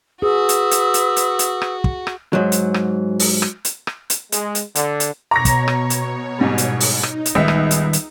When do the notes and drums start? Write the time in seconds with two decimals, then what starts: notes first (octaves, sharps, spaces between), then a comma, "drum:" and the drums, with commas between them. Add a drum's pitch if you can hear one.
0.22 F#4 G#4 B4 D#6 E6
0.49 drum: hi-hat
0.71 drum: hi-hat
0.94 drum: hi-hat
1.16 drum: hi-hat
1.39 drum: hi-hat
1.62 drum: rim click
1.84 drum: kick
2.07 drum: rim click
2.33 G#2 F#3
2.52 drum: hi-hat
2.74 drum: rim click
3.19 drum: open hi-hat
3.42 drum: rim click
3.65 drum: hi-hat
3.87 drum: rim click
4.10 drum: hi-hat
4.32 G#3, drum: hi-hat
4.55 drum: hi-hat
4.75 D3, drum: hi-hat
5.00 drum: hi-hat
5.31 B2 C#5 A#5 C#6 D6 A#6
5.45 drum: kick, hi-hat
5.68 drum: rim click
5.90 drum: hi-hat
6.39 A1 G#2 G3
6.58 drum: hi-hat
6.80 drum: open hi-hat
7.03 D#4, drum: rim click
7.26 drum: hi-hat
7.35 C#2 D#3 G3 B3 E5
7.48 drum: rim click
7.71 drum: hi-hat
7.93 drum: hi-hat